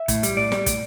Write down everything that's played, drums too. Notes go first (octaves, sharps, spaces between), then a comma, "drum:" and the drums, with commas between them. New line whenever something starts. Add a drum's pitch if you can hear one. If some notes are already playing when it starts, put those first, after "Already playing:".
Already playing: E5
A2, drum: kick, hi-hat
G3, drum: hi-hat
A2 D5
G3, drum: snare
A2, drum: kick, hi-hat